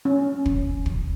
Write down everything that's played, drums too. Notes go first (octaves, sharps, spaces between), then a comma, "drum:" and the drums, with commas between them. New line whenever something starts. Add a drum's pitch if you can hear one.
C#4
drum: kick
drum: kick